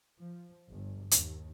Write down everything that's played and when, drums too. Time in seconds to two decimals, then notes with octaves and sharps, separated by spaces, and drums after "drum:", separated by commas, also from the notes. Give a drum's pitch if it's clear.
0.19 F3
0.69 G1
1.11 D#2, drum: hi-hat